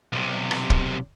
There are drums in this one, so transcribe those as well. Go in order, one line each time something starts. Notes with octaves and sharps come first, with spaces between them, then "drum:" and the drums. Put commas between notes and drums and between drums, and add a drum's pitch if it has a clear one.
B1 C3
drum: rim click
drum: kick